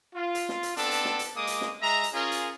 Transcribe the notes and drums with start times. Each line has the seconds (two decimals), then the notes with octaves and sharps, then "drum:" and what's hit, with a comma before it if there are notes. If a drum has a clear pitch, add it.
0.15 F4
0.35 drum: hi-hat
0.49 drum: snare
0.63 drum: hi-hat
0.77 B3 C4 D4 A4, drum: hi-hat
0.91 drum: hi-hat
1.05 drum: snare
1.19 drum: hi-hat
1.37 G#3 A#3 D6 D#6
1.47 drum: hi-hat
1.61 drum: snare
1.81 G#3 E5 A#5
2.03 drum: hi-hat
2.14 C#4 F4 G#4 A#4
2.32 drum: hi-hat